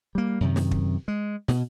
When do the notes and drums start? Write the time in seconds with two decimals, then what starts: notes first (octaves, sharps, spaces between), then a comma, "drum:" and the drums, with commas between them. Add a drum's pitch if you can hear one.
0.15 G3 A#3
0.40 F#2 C3 D#3
0.56 drum: snare
0.71 drum: kick
1.08 G#3
1.48 B2, drum: snare